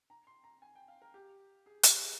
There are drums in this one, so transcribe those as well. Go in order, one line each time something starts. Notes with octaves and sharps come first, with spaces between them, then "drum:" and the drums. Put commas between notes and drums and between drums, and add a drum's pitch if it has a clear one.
A#5
C6
A#5
G#5
G5
F5
A#4
G4
G#4
G4, drum: hi-hat
G#4